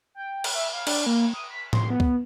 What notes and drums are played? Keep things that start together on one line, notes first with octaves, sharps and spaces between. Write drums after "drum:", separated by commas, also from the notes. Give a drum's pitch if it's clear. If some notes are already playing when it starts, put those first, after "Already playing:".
G5
drum: cymbal
E5
F5
D4, drum: cymbal
A#3
D#6
B6
C6, drum: tom A2
B3
drum: kick